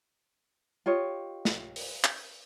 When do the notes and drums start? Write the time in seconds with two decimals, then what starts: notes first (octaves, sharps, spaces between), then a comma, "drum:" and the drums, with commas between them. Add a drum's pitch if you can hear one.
0.86 F4 G4 C#5 D#5
1.45 drum: snare
1.76 drum: open hi-hat
2.04 drum: clap